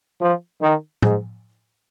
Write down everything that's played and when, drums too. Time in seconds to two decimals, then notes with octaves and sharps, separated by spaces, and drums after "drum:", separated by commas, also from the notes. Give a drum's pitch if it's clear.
0.21 F3
0.62 D#3
1.02 G#2, drum: tom A2